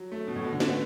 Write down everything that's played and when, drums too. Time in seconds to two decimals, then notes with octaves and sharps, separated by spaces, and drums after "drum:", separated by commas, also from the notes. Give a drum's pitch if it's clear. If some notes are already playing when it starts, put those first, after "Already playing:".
Already playing: F#3
0.12 A3
0.28 B2
0.36 A2
0.44 B2
0.52 D3
0.60 B3, drum: snare
0.68 A3